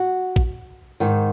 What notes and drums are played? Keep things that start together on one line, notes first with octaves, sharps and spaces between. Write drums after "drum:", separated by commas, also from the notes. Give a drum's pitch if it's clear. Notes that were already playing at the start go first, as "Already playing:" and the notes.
Already playing: F#4
drum: kick
G#2 D#3, drum: tambourine